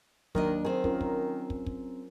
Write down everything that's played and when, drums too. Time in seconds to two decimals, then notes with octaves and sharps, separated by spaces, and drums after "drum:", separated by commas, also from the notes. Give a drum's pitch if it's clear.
0.35 D#2 D#3 F#3 D4 D#5, drum: kick
0.65 D#3 C4 G#4
0.84 C#4 F4 A#4, drum: kick
1.01 drum: kick
1.50 drum: kick
1.66 drum: kick